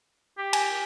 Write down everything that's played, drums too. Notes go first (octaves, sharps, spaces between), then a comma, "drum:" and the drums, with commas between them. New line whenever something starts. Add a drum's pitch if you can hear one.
G4
G#5, drum: cymbal